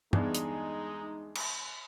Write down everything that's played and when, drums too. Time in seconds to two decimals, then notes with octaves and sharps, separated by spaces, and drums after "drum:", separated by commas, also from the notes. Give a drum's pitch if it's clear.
0.13 E2 G2 G#3 D#4, drum: tom
0.35 drum: hi-hat
1.35 drum: cymbal